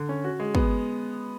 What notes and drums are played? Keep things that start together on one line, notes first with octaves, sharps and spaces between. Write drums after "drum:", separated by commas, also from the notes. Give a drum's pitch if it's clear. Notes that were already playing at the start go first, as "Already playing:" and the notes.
Already playing: D3
C#4
F#4
G#3
B3, drum: kick